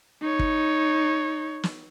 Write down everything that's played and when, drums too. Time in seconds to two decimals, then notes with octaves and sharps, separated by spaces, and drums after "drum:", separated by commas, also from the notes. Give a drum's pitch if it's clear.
0.22 D#4 C#5
0.39 drum: kick
1.63 drum: snare